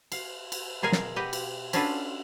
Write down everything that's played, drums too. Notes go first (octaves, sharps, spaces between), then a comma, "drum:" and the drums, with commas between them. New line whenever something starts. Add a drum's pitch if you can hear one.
F5, drum: cymbal
drum: cymbal
B2 F4 G#4 A#4 G#5
drum: snare
G4 B4 D#5 F#5
drum: cymbal
C#4 D4 F4 F#4 A4 B4, drum: cymbal